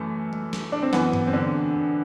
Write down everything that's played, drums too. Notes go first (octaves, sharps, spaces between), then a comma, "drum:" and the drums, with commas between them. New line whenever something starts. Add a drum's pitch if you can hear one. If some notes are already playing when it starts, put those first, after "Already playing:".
Already playing: F#2 E3 A3
drum: tom G3
drum: snare
D4
C4
F#2 E3 B3, drum: snare
drum: tom G2
C4
D3 D4